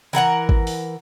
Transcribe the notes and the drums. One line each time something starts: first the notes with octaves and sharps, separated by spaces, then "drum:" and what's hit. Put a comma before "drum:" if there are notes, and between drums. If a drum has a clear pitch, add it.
E3 A#4 F#5 A#5
drum: kick G#1
drum: open hi-hat